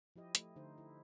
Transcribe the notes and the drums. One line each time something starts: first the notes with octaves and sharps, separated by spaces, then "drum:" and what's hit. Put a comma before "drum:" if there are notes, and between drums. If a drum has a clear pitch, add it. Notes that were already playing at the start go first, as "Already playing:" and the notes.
F3 E4 G4 D#5
A3, drum: hi-hat
D3 D#4 C5
E4